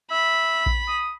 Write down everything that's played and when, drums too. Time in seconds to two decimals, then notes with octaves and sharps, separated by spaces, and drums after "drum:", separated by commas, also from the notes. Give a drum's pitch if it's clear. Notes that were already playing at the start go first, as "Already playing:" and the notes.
0.11 E5 B5
0.66 drum: kick A#1
0.88 D#6